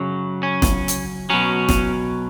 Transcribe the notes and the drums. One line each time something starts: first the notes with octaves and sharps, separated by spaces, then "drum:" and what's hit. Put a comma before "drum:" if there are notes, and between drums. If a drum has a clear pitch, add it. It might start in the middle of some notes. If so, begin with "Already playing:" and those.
Already playing: F#2 C#3 F#3
C#4
drum: snare
drum: hi-hat
B2 F#3 C#4
drum: snare